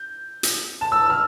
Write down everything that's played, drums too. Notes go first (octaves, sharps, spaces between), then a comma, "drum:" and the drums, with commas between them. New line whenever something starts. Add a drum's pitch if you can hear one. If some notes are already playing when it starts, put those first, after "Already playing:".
Already playing: G6
drum: hi-hat
A5
E6
E6
F6